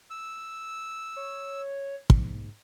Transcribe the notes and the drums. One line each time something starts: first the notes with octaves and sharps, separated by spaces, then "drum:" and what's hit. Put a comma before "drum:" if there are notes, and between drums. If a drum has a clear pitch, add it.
E6
C#5
G#2, drum: kick